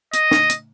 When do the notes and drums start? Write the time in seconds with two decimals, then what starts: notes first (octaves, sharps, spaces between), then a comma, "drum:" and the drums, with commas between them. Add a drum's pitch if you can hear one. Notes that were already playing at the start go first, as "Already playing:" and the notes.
0.13 D#5, drum: hi-hat
0.31 drum: snare
0.50 drum: hi-hat